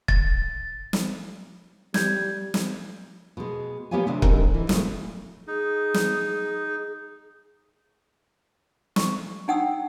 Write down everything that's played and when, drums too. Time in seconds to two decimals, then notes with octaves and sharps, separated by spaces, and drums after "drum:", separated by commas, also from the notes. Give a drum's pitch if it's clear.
0.08 A6, drum: kick
0.93 drum: snare
1.94 G3 G6 G#6, drum: snare
2.54 drum: snare
3.37 B2 G#3
3.91 A#3 B3 G4 C#5 F5 G#5
4.06 C3 D#3 C4 D4
4.22 G2 D3 C4 D#4 G#4 A#4, drum: kick
4.54 E3
4.69 A2 C#3 F#3 G#3 A3, drum: snare
5.48 D#4 G#4
5.94 drum: snare
8.96 C#6, drum: snare
9.48 D4 D#4 F#5 G5 D#6 E6